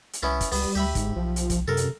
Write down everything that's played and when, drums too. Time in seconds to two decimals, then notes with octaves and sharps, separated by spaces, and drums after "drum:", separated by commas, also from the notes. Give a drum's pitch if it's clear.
0.13 drum: hi-hat
0.23 C2 B3 C#4 E4
0.41 drum: kick, hi-hat
0.52 C#2 G3 B3, drum: open hi-hat
0.75 D2 G4 E5 B5
0.95 G1 G#2, drum: kick, hi-hat
1.16 B1 F3
1.36 drum: hi-hat
1.50 drum: kick, hi-hat
1.68 F#2 C3 A4 A#4
1.77 drum: hi-hat